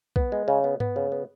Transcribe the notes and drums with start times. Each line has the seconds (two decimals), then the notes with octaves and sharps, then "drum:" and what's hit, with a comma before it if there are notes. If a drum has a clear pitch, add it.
0.16 B3, drum: kick
0.32 G#3
0.48 C#3
0.64 B3
0.80 B3, drum: tom G2
0.96 C#3
1.12 B3